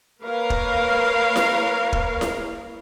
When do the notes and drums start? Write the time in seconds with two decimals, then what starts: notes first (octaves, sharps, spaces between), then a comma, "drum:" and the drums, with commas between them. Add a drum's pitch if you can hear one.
0.22 A#3 A#4 B4 C#5 F5
0.50 drum: kick
1.36 drum: snare E4
1.93 drum: kick
2.21 drum: snare E4